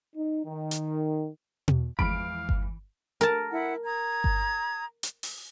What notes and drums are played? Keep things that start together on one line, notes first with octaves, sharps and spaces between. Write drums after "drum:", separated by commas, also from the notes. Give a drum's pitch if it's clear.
D#4
D#3
drum: hi-hat
drum: tom B2
E2 E3 F3 G#3 F5 B5 D7, drum: kick G1
drum: kick G1
A#4 A5
E4 F#5
A#5 D#6 G#6
drum: kick G1
drum: hi-hat
drum: open hi-hat